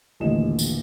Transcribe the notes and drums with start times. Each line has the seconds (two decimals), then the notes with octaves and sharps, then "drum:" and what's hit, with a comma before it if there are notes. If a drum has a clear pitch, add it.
0.20 D#1 A1 D3 D#5 E7
0.59 drum: tambourine